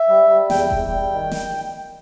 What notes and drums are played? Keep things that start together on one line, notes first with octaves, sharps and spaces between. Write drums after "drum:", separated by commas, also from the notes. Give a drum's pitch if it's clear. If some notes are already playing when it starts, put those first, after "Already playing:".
Already playing: E5
G3
G3
E2 G5, drum: snare
E2, drum: kick E1
G3
D#3
drum: snare